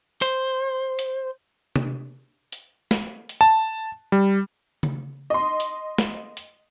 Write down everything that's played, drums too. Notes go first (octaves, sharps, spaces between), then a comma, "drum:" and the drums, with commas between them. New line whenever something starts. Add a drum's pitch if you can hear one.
C5, drum: hi-hat
drum: hi-hat
drum: tom C3
drum: hi-hat
drum: snare
drum: hi-hat
A5
G3
drum: tom C#3
D#5 C6
drum: hi-hat
drum: snare
drum: hi-hat